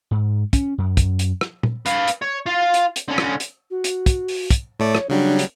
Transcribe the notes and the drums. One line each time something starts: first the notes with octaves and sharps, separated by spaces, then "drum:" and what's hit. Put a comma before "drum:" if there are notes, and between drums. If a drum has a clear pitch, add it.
G#2
C#4, drum: kick, hi-hat
F#2
drum: kick, hi-hat
drum: hi-hat
drum: rim click
drum: tom A#2
B4 F5, drum: hi-hat
drum: hi-hat
C#5
F4 F5
drum: hi-hat
drum: hi-hat
D3 C#4
drum: rim click
drum: hi-hat
F#4
drum: hi-hat
drum: kick, hi-hat
drum: open hi-hat
drum: kick, hi-hat
A2 A3 C#5 D5
drum: rim click
C#3 F#3 G3 D4
drum: hi-hat